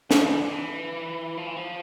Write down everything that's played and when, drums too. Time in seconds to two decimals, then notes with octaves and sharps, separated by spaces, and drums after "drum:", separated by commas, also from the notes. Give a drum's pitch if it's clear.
0.11 F3, drum: snare
0.24 E3
0.38 D3
0.51 E3
1.37 F3
1.47 E3
1.56 F3